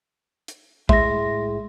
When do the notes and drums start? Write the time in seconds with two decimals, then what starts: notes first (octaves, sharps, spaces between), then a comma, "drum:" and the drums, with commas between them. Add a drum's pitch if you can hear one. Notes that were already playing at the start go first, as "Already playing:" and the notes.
0.48 drum: hi-hat
0.89 A2 G#3 E5 C6 A#6, drum: kick